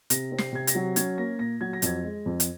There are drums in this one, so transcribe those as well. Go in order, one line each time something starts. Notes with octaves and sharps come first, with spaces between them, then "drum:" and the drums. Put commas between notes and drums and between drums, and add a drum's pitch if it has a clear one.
C3 A#6, drum: hi-hat
C4
C7, drum: snare
C3 G#6
A#6, drum: hi-hat
F#3
C#4 G#6, drum: hi-hat
A#3 A#6
A#2 A#6
F#3 G#6
A#6
F2 G#6, drum: hi-hat
G#3
F2
drum: hi-hat